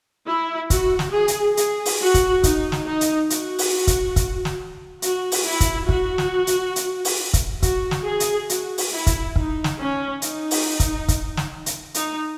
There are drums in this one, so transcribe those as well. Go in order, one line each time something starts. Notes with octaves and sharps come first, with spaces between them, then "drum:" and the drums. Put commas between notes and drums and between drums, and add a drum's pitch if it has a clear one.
E4
F#4, drum: kick, hi-hat
drum: snare
G#4
drum: hi-hat
G#4, drum: hi-hat
drum: open hi-hat
F#4
drum: kick, hi-hat
D#4, drum: kick, hi-hat
drum: snare
D#4
drum: hi-hat
F#4, drum: hi-hat
drum: open hi-hat
drum: kick, hi-hat
drum: kick, hi-hat
drum: snare
F#4, drum: hi-hat
drum: open hi-hat
E4
drum: kick, hi-hat
F#4, drum: kick
drum: snare
drum: hi-hat
drum: hi-hat
drum: open hi-hat
drum: kick, hi-hat
F#4, drum: kick, hi-hat
drum: snare
G#4
drum: hi-hat
F#4, drum: hi-hat
drum: open hi-hat
E4
drum: kick, hi-hat
D#4, drum: kick
drum: snare
C#4
D#4, drum: hi-hat
drum: open hi-hat
drum: kick, hi-hat
drum: kick, hi-hat
drum: snare
drum: hi-hat
D#4, drum: hi-hat